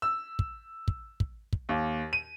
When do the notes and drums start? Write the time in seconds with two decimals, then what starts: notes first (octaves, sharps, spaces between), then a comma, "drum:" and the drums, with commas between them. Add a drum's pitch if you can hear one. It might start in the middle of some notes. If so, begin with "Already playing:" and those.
0.02 E6
0.39 drum: kick
0.88 drum: kick
1.20 drum: kick
1.53 drum: kick
1.69 D#2
2.13 D#7